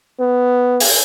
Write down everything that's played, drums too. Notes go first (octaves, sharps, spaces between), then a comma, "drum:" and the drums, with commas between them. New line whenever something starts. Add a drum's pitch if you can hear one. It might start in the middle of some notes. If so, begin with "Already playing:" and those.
B3
drum: open hi-hat